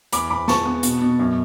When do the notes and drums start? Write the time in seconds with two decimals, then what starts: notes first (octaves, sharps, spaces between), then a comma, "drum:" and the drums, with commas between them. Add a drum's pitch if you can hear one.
0.13 E2 B5 D6, drum: hi-hat
0.30 E2 B5 D6
0.48 G#3 A5 C#6, drum: snare
0.65 B3
0.83 B2, drum: hi-hat
1.01 B2
1.19 F#2